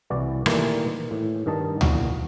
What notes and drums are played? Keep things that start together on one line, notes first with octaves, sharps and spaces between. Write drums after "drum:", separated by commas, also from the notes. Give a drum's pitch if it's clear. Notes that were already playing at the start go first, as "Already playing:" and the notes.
C2 E3 F#4 D5
A#2 D#3 E3 G3 A3 A#3, drum: rim click
A2
G2 D#3 D#5 A5
B1 E2 A#2 F#4 F#5, drum: tom C#2